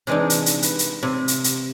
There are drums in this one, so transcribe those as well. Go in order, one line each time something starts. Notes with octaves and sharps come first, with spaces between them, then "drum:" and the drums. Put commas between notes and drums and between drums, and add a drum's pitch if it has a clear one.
C3 E3 G#3 D4 D#4
drum: hi-hat
drum: hi-hat
B4, drum: hi-hat
drum: hi-hat
C3
drum: hi-hat
drum: hi-hat